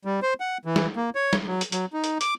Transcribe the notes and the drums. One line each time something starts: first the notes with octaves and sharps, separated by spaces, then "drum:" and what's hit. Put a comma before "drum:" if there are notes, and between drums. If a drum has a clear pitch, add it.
G3
C5
F#5
E3
drum: snare
A#3
C#5
drum: snare
F#3
drum: hi-hat
F#3, drum: hi-hat
D#4
drum: hi-hat
D6, drum: hi-hat